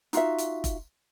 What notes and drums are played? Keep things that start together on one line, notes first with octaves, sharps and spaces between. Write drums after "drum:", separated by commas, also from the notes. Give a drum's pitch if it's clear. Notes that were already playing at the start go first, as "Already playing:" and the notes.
D#4 F4 F#4 E5, drum: hi-hat
drum: hi-hat
drum: kick F1, hi-hat